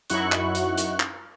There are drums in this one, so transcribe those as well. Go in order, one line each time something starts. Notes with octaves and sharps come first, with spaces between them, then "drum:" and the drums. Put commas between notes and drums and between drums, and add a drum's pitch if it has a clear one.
F#2 D#4 E4 F#4 C#6 F#6, drum: hi-hat
drum: clap
drum: hi-hat
drum: hi-hat
drum: clap